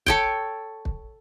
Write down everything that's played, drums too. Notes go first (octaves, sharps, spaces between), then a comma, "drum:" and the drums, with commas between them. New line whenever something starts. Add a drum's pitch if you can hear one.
A4 C#5 G5, drum: kick
drum: kick